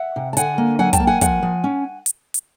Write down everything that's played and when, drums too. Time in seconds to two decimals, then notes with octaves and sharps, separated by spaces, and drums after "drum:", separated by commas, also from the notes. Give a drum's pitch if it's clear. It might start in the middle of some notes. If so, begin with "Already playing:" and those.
Already playing: E5 F#5
0.16 C3
0.33 A5
0.37 D3 F#5 G#5, drum: hi-hat
0.58 A#3
0.79 F#3 F#5 G#5
0.93 G5 A5, drum: kick, hi-hat
1.00 A#3
1.07 F#5 G#5
1.21 F3 F#5 G#5, drum: kick, hi-hat
1.43 F3
1.64 C#4
2.06 drum: hi-hat
2.34 drum: hi-hat